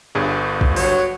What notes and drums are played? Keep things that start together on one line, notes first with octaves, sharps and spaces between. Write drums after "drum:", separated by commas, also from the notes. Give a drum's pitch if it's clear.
G1 G2 G#4
drum: kick
F#3 C#5, drum: open hi-hat